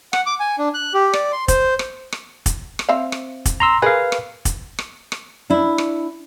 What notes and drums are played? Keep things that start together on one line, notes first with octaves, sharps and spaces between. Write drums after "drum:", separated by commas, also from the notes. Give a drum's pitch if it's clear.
F#5, drum: rim click
D6
G#5
D4
F#6
G4
D5, drum: rim click
C6
C5, drum: kick, hi-hat
drum: rim click
drum: rim click
drum: kick, hi-hat
drum: rim click
C4 E5 F5
drum: rim click
drum: kick, hi-hat
A#5 C6 E6
G#4 A#4 B4 F5
drum: rim click
drum: kick, hi-hat
drum: rim click
drum: rim click
D4 E4
drum: rim click